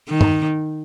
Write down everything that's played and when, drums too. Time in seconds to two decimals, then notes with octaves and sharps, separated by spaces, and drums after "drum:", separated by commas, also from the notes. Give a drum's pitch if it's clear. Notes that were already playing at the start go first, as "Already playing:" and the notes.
0.09 D#3
0.21 drum: tom